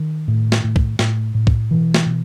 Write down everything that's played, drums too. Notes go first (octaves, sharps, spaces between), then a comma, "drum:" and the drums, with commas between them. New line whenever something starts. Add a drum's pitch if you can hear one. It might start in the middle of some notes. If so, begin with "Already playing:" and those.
Already playing: D#3
A2
drum: snare
A2
drum: kick
A2, drum: snare
A2
drum: kick
B2 E3
drum: snare
B2